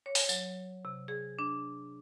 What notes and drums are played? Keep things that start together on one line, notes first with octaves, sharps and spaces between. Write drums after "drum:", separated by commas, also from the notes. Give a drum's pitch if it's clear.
C#5
drum: open hi-hat
F#3, drum: tambourine
C3
G#4
D4